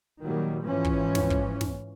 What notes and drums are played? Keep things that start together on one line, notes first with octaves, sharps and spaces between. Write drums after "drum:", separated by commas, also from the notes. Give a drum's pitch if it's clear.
A#2 D#3 F#3 G3
G#2 E3 F3 C#4
drum: kick
drum: snare
drum: kick
drum: snare